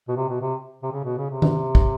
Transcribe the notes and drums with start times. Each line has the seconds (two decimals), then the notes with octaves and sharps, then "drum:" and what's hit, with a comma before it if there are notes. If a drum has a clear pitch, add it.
0.08 B2
0.17 C3
0.29 B2
0.41 C3
0.83 C3
0.92 C#3
1.04 B2
1.18 C#3
1.30 C3
1.42 drum: tom D#3
1.75 drum: kick